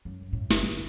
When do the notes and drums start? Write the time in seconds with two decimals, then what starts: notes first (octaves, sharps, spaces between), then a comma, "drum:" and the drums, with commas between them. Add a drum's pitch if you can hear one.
0.05 F#2
0.33 A2
0.50 F#1, drum: snare
0.65 D3